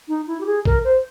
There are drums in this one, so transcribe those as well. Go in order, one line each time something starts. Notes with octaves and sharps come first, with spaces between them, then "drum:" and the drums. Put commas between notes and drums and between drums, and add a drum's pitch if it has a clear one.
D#4
E4
G4
G#4
A#4, drum: kick
C5